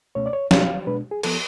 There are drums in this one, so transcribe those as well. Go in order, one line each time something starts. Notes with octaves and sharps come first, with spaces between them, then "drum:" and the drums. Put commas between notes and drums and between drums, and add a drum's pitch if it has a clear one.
C#2 B2 A3 C#4 C#5
D5
C#5
B2 G#3 D4 F5, drum: snare
B2 G#3 D4 B4
G#4
F3 B3 A4, drum: cymbal